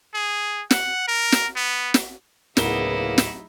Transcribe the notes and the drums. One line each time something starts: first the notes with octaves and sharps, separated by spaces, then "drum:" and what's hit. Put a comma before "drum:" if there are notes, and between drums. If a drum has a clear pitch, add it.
G#4
F#5, drum: snare
A#4
drum: snare
B3
drum: snare
D1 C#3 A#3 B3 D#4 E4 A#4 G7, drum: snare
drum: snare